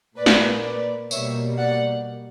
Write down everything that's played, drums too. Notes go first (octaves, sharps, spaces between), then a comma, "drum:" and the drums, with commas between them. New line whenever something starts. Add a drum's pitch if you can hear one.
A#2 A#3 B4 D5
drum: snare
B4 D5
B2 G3 A#3 C#5 E5, drum: tambourine
D5 F#5